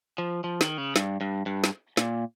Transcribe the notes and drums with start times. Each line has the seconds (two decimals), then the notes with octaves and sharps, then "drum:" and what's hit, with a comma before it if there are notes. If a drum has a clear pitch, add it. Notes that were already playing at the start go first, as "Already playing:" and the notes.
0.18 F3
0.44 F3
0.61 D#3, drum: snare
0.78 C#3
0.96 G2, drum: snare
1.21 G2
1.46 G2
1.64 drum: snare
1.97 A#2, drum: snare